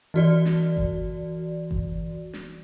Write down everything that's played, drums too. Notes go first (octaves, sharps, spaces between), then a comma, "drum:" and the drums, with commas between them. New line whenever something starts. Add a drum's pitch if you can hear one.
E3 F#4 D5
drum: snare
drum: kick G1
drum: kick G1
drum: snare